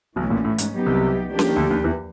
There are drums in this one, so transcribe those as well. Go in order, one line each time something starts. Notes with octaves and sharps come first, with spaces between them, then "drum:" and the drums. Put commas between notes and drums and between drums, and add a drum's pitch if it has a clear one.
B1 B2 E3 A3 C#4
A#1 A#2
A2
G#2, drum: hi-hat
F#3 B3 D#4 G4
C2 C3
F3 A#3 D4 G4
drum: snare C#4
D#3
D2 D3
D#2 D#3
E2 E3